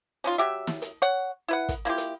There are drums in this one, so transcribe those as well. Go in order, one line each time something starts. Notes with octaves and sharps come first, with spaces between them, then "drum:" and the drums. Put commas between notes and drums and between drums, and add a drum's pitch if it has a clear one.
C#4 D#4 F4
F#3 G4 E5
drum: snare
drum: hi-hat
C#5 F#5
E4 B4 F#5
drum: kick, hi-hat
A#3 E4 F4 G4
drum: hi-hat